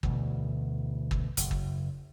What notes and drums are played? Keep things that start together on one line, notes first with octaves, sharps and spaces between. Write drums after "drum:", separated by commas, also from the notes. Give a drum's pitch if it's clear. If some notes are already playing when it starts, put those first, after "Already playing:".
D2 B2 E3, drum: kick
drum: kick
F#1, drum: hi-hat
drum: kick